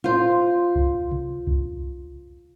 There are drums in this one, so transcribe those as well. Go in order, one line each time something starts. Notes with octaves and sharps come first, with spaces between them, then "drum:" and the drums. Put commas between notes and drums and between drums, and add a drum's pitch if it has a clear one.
F4 C5
drum: kick C2
drum: tom C3
drum: kick C2